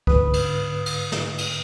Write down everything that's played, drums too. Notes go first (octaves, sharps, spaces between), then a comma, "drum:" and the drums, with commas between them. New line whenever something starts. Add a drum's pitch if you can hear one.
G#2 D3 B4 D#6, drum: kick C#2
drum: cymbal
drum: cymbal
drum: snare
drum: cymbal